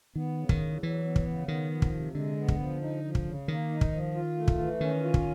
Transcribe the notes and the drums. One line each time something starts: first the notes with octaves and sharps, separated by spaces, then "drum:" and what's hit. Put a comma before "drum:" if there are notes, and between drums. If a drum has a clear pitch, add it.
D#3 B3
C#3
D#3, drum: kick
E2
E3 F#3
B3
drum: kick
C#3
D#3 B3
F3
drum: kick
C3
D3 G#3
B3
drum: kick
F3
D#4
F3
drum: kick
C#3
D#3 A#3
D#4
drum: kick
F3
F4
A3
drum: kick
E3
D#3 C#4
F4
drum: kick